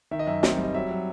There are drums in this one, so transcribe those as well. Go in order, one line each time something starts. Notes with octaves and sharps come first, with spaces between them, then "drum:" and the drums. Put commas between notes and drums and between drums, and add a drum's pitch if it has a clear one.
D#3 E5
D#5
F#2 E5
C4, drum: snare
G3 D#5
F#3 E5
F#3